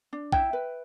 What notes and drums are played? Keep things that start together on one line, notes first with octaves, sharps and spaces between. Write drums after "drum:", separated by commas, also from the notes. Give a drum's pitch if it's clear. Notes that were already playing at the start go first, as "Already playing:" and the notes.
D4
E4 E5 G5, drum: kick
B4